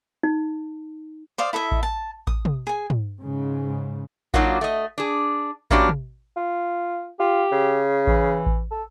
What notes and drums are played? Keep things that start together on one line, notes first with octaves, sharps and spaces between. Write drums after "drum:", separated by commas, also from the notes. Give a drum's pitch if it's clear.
D#4
C5 D5 F5 D#6
E4 A4 D#5 E5
drum: kick A1
A5
D#6, drum: kick A1
drum: tom
G#4 G#5
drum: tom
G#2 C#3
F#3 A#3 D4 D#4 F4 F#4, drum: kick A1
A3 D#5
D4 G#4
E3 A#3 C#4 D4 F#4 G4, drum: kick A1
drum: tom
F4
F4 G4
C#3
E3, drum: kick A1
drum: kick A1
A4